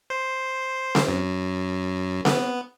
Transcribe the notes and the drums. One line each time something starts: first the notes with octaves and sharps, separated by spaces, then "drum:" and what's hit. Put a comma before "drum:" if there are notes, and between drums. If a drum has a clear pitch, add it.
C5
drum: snare C4
F#2
B3, drum: snare C4